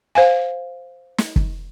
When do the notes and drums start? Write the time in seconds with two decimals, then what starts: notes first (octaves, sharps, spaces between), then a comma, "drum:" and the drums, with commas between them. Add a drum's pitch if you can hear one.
0.15 C5 F5 G#5
1.18 drum: snare
1.36 drum: kick